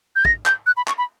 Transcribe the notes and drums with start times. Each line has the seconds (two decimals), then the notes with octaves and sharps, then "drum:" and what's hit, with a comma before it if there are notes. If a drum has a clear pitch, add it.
0.16 G6
0.25 A#6, drum: kick
0.46 G6, drum: clap
0.66 F#6
0.77 B5
0.88 C#6, drum: clap
0.98 B5